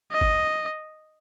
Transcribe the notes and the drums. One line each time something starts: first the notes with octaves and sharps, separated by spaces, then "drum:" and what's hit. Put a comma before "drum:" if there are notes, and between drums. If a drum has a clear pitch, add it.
D#5
drum: kick